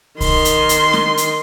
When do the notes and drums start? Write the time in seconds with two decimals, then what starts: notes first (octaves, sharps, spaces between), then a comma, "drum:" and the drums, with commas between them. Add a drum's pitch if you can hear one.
0.21 D#3 C6, drum: kick, open hi-hat
0.45 drum: hi-hat
0.69 drum: hi-hat
0.93 drum: snare
1.17 drum: hi-hat